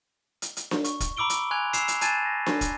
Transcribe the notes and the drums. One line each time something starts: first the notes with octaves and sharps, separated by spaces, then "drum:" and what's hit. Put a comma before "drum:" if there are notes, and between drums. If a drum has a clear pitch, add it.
drum: hi-hat
drum: hi-hat
drum: snare D4
C#6, drum: hi-hat
drum: kick, hi-hat
A#5 B5 D6 E6 D7 G7
drum: hi-hat
G#5 C6 F#6 G#6 F7
E6 C7 E7 F7, drum: hi-hat
drum: hi-hat
G#5 A5 F#6 G#6 A6 D#7, drum: hi-hat
A#6
drum: snare D4
drum: kick, hi-hat